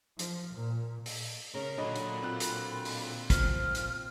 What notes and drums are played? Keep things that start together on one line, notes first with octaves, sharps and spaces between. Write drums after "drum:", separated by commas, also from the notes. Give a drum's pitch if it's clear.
F3, drum: hi-hat
A#2
drum: open hi-hat
C#3 A#4
A#2 D3 F#3 D4 D#5 B5
drum: hi-hat
C4 F4 F#6
drum: hi-hat
drum: open hi-hat
F3 F6, drum: kick, hi-hat
drum: hi-hat